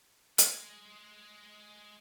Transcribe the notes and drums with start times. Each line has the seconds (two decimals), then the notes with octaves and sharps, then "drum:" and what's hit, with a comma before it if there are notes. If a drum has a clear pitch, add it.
0.38 G#3, drum: hi-hat